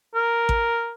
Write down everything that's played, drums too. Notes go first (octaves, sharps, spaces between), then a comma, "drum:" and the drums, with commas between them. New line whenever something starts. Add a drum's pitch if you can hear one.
A#4
drum: kick A1